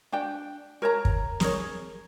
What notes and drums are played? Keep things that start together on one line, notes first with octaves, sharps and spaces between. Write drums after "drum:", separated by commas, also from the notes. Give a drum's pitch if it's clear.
D4 G5
A#4 C#5 A#5
drum: kick
G#4 A#4 C#5, drum: snare